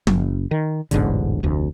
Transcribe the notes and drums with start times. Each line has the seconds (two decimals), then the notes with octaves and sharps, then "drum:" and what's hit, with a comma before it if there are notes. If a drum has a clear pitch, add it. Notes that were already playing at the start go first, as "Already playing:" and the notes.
0.07 F#1, drum: tom
0.51 D#3
0.91 E1 A1 G#2 D3, drum: hi-hat
1.43 F1 D2